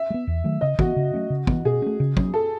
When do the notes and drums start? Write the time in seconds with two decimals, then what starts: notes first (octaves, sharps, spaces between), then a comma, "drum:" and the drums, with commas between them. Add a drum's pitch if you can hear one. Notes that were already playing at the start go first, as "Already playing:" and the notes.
Already playing: E5
0.10 G#3
0.14 B3
0.27 E2
0.44 D#3 F#3 A3
0.61 C#3 D#5
0.79 E3 B3 F#4, drum: kick
0.96 C#3
1.14 F#3 A3 C#4
1.30 C#3
1.47 E3 B3, drum: kick
1.65 B2 G#4
1.82 A3 C#4
2.00 C#3
2.17 F#3 C#4, drum: kick
2.34 A4